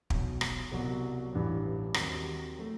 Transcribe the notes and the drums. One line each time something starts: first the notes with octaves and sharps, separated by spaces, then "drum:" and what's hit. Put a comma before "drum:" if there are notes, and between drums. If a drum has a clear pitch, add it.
B1 B2 F#3, drum: kick
drum: rim click
C2 B2 F#3
A1 G2 E3
D#2 D#3 G3 C4 F#4, drum: rim click
F#3 A3